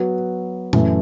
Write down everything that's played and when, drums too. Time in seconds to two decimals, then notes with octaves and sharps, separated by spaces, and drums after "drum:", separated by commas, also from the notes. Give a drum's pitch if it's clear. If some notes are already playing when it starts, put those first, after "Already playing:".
Already playing: F#3 B3 F#4
0.73 F#2 E3 A3, drum: tom A#2